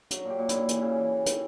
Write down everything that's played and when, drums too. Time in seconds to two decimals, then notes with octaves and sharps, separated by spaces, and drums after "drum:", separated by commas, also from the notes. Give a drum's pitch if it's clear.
0.11 F#3, drum: hi-hat
0.25 A#2 G4
0.39 A#2
0.49 E4, drum: hi-hat
0.54 A#2
0.69 E3, drum: hi-hat
0.82 C#3
0.97 E3
1.12 E3
1.26 E3, drum: hi-hat